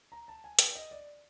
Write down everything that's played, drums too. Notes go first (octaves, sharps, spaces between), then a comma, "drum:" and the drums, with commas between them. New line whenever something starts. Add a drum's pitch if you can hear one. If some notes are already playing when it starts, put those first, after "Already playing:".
A#5
A5
G#5
G5, drum: hi-hat
D#5
D5